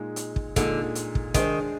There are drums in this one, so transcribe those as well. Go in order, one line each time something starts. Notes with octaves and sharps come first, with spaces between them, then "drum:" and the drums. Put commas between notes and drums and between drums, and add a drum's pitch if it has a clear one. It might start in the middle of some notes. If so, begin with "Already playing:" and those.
Already playing: A#2 G#3 D#4
drum: hi-hat
drum: kick
A#2 D3 G#3 D#4, drum: kick, hi-hat
drum: hi-hat
drum: kick
D#3 G#3 D4 G#4 C5, drum: kick, hi-hat